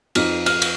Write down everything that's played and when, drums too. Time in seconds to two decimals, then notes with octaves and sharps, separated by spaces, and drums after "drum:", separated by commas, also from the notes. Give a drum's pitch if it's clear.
0.15 F2 F3 D#4 F6, drum: cymbal
0.46 F6, drum: cymbal
0.62 drum: cymbal